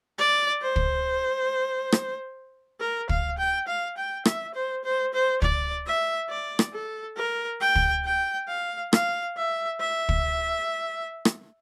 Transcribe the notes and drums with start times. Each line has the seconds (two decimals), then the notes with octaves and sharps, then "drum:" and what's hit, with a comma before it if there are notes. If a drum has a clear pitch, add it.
0.18 D5
0.61 C5
0.76 drum: kick
1.92 drum: rim click
2.80 A#4
3.09 F5, drum: kick
3.38 G5
3.67 F5
3.97 G5
4.25 E5, drum: rim click
4.54 C5
4.84 C5
5.14 C5
5.42 D5, drum: kick
5.86 E5
6.29 D5
6.59 drum: rim click
6.73 A4
7.17 A#4
7.60 G5
7.75 drum: kick
8.05 G5
8.48 F5
8.93 F5, drum: rim click
9.36 E5
9.80 E5
10.09 drum: kick
11.25 drum: rim click